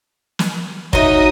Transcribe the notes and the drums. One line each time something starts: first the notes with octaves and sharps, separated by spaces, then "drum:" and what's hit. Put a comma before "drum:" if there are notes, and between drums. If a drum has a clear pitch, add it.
drum: snare
F#3 D#4 D#5 E5 D#6, drum: kick